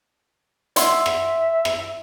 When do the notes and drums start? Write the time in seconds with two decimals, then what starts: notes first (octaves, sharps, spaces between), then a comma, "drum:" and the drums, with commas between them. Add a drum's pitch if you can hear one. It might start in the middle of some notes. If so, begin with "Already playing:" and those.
0.76 D5 E5 F#5 C6, drum: hi-hat
1.06 drum: rim click
1.65 drum: rim click